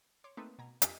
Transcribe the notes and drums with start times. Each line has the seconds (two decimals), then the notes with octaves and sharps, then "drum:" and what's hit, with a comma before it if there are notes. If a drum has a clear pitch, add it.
0.24 C#5 C6 D6
0.37 A3 A#3 C4 D#4 B4 E5
0.59 B2 G#5 A#5
0.82 F2 F3 D4 G4 B6 C7, drum: hi-hat